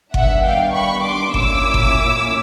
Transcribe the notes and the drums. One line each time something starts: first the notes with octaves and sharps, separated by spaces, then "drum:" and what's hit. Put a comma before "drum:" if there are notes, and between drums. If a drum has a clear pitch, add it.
D#3 G3 B3 D4 E5 F#5, drum: kick G1
F5 G5
B5 C#6
C6 D6
A#2 F#3 A#3 C#4 E4 D6 E6, drum: kick G1
drum: kick G1